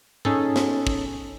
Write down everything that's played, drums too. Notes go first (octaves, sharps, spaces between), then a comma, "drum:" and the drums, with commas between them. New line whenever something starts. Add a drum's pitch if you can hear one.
C#4 D#4 G#4 A4, drum: tom G#2
drum: snare
drum: kick